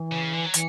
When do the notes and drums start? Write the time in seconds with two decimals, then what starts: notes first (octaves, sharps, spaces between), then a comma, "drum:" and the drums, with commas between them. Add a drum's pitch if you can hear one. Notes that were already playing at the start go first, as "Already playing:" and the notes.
Already playing: E3
0.12 C#3
0.34 D3
0.44 F#3
0.54 E3, drum: hi-hat